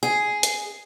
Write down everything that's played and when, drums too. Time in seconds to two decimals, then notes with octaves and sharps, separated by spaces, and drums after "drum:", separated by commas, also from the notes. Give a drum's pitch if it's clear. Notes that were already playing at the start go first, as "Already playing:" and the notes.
0.03 G#4
0.43 drum: hi-hat